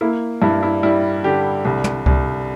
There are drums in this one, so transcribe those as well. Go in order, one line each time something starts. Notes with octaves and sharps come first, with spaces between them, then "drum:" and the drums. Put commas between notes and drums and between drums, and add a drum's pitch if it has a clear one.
A#3 E4
G2 E4
E4
G3 E4
D3 G4
C2
drum: tom
C2, drum: kick C#2